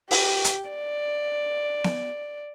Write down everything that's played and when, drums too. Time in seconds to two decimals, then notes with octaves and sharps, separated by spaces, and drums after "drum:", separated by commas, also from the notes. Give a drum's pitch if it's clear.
0.11 G4, drum: open hi-hat
0.44 drum: hi-hat
0.70 D5
1.84 drum: snare B3